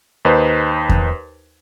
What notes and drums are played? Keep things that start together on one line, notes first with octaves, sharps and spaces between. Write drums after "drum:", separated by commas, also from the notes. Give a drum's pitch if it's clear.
D#2 D#4 B4 C5
drum: kick E2